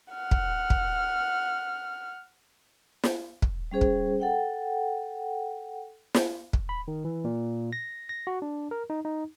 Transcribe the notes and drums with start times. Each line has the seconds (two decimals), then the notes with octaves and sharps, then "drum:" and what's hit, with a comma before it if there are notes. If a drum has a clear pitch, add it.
0.14 F#5 F6
0.31 drum: kick
0.70 drum: kick
3.03 drum: snare
3.42 drum: kick
3.71 G3 C#4 G#4 C5
3.81 drum: kick
4.20 A4 F#5 G5
6.14 drum: snare
6.53 drum: kick
6.69 B5
6.88 D#3
7.05 E3
7.25 A#2
7.73 A#6
8.09 A#6
8.27 F#4
8.42 D4
8.71 A#4
8.90 D#4
9.05 D#4